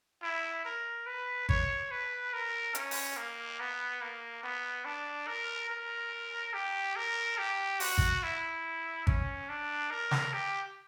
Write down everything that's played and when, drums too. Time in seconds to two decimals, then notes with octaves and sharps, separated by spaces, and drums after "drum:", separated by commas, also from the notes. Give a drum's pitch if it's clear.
0.22 E4
0.65 A#4
1.06 B4
1.49 C#5, drum: kick G#1
1.91 B4
2.33 A#4
2.75 C#4, drum: hi-hat
2.91 drum: open hi-hat
3.17 A#3
3.60 B3
4.02 A#3
4.43 B3
4.85 D4
5.28 A#4
5.70 A#4
6.54 G4
6.96 A#4
7.38 G4
7.80 F#4, drum: open hi-hat
7.98 drum: kick G#1
8.23 E4
9.07 C#4, drum: kick G#1
9.49 D4
9.91 A#4
10.11 drum: snare
10.33 G4